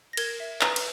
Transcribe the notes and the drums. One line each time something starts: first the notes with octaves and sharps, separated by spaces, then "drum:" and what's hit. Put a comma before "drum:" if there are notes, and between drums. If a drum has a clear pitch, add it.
A#6
A#4 G#6, drum: cymbal
E5
B4 A#5, drum: clap
drum: cymbal